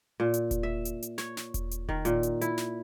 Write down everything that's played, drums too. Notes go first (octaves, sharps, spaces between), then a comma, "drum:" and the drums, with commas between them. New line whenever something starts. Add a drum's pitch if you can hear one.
A#2
drum: hi-hat
drum: kick E1, hi-hat
E5
drum: hi-hat
drum: hi-hat
C#5, drum: snare
drum: snare
drum: kick E1, hi-hat
drum: hi-hat
D#3, drum: kick E1
A#2, drum: hi-hat
drum: hi-hat
E4, drum: hi-hat
drum: snare